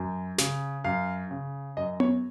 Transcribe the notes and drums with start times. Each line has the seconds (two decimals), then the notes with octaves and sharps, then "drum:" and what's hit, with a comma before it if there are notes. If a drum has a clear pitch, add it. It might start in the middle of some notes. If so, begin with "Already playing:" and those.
Already playing: F#2
0.38 C#3, drum: snare
0.84 F#2 F5
1.31 C#3
1.77 F#2 D#5
2.00 C#5, drum: tom B3